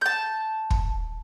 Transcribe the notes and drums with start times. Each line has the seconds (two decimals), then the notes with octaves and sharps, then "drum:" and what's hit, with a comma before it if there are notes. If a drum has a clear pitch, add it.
0.01 A5 G6
0.70 drum: kick